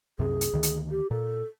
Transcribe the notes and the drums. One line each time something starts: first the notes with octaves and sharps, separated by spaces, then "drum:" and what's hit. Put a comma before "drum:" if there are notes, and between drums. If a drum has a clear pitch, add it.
C2 F#2 C3 G#4
drum: hi-hat
D2 D#3
drum: hi-hat
G4
A#2 A4